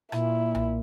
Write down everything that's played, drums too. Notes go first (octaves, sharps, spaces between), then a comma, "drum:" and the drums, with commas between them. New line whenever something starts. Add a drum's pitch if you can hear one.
A#2 E4, drum: rim click
drum: tom B1